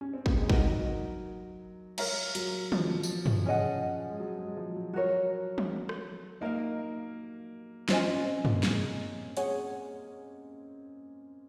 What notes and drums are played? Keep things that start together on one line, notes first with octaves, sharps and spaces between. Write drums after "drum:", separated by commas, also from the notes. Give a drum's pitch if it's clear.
C#4
C4
A#3, drum: kick
G#3
F#3 D#4 F#4 A#4, drum: kick
A#4 C#5 F5 A#5, drum: cymbal
F#3, drum: hi-hat
F3, drum: tom
drum: tambourine
drum: tom
C#4 G#4 D#5 F#5
G#3
F#3
G#3
F3
F#3
F#3 F#4 A#4 C#5
drum: tom
drum: rim click
A#3 D#4 A#4 F5
C#4 F4 C5 D#5 G#5, drum: snare
C#4
C4
A#3, drum: tom
G#3, drum: snare
G#4 C#5 F#5, drum: hi-hat